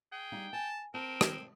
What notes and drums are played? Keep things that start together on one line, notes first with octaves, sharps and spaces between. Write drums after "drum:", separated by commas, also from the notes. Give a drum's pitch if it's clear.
G#4 G5
G3 D#4 F5
G#5 A5
C4 A#4 A5
drum: rim click